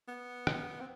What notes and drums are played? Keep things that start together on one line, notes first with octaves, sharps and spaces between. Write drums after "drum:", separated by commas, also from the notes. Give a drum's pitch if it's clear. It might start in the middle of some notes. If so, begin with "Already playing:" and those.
B3
drum: rim click
C4